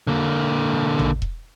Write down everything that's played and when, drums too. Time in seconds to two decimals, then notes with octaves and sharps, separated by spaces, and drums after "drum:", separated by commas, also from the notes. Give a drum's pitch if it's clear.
0.07 D3 A#3
0.99 drum: tom A1
1.22 drum: kick E1